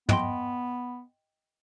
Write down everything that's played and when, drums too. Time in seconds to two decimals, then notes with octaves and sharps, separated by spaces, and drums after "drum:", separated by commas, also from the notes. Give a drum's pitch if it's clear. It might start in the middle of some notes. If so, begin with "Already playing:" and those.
0.09 B3 D#5 G5 C6, drum: tom